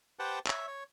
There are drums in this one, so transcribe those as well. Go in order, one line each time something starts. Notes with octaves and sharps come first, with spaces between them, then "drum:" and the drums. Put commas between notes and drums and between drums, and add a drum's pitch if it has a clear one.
G4 B4 C5 F#5 G5 A5
C#5 E5, drum: clap
C#5